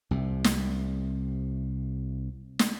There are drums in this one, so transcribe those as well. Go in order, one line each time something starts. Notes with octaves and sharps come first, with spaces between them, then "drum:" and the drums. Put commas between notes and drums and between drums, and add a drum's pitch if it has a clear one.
C2 C3
drum: snare
drum: snare